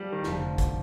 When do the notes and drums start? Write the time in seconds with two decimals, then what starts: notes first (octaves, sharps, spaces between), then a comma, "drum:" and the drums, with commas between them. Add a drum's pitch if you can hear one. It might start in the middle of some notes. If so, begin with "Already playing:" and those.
Already playing: F3 G3
0.12 D#3
0.23 F1 F2 D3 F3, drum: snare
0.58 drum: kick, hi-hat